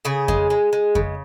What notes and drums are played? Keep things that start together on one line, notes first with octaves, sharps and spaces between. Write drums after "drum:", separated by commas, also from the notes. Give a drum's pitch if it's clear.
C#3 G#4
G#3, drum: kick F2
G#3
G#3
C#3, drum: kick F2